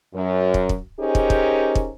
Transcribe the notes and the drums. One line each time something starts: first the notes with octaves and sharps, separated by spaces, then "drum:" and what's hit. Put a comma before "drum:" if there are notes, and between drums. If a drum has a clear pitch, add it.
F#2
drum: kick
drum: kick
C#4 D#4 G4 G#4 A#4 C5
drum: kick
drum: kick
drum: kick